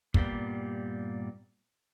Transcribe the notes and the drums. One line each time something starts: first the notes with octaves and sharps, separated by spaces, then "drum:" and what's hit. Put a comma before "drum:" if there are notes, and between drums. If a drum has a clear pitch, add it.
G2 A#2 G3 A#3 B3 G4, drum: kick